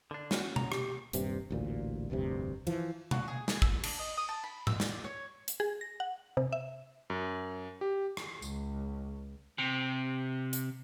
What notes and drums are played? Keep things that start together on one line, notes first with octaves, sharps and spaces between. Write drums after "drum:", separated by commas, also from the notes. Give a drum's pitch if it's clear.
D3 D4
C#4 F#4, drum: snare
A#5, drum: tom B2
G4, drum: rim click
D#1 G2 C3, drum: hi-hat
A1 D2 A#2
F1 D2 G2 C3
E3 F3, drum: cymbal
F#4, drum: tom B2
G#4
G#4, drum: snare
E6, drum: kick
D4, drum: cymbal
D#5
D#6
A5
B5
E6, drum: tom G#2
D5, drum: snare
C#5
drum: hi-hat
G#4
A#6
F#5
C3
E5
F#2
G4
drum: rim click
C#2, drum: tambourine
C3
drum: hi-hat